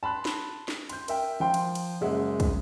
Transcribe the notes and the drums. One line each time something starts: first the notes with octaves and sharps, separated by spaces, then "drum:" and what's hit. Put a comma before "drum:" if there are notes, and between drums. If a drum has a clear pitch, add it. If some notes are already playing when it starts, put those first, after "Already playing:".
A5 B5 C6 F#6
drum: snare
drum: snare
C6 G6, drum: cymbal
A#4 E5 G5, drum: cymbal
F3 G5 C6
drum: cymbal
drum: cymbal
F#1 G#3 E5 F#5
drum: kick, cymbal